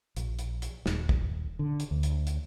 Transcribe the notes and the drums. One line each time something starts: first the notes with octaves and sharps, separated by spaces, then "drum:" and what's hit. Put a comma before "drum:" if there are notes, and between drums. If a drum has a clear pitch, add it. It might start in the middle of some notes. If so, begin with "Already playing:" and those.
A#1, drum: hi-hat
drum: hi-hat
drum: hi-hat
D#1, drum: snare
drum: kick
D3
drum: hi-hat
D2
drum: hi-hat
drum: hi-hat